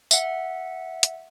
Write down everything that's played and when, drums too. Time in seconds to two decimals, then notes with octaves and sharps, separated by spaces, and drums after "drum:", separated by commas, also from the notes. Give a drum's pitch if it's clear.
0.11 E5 F#5, drum: tambourine
1.03 drum: hi-hat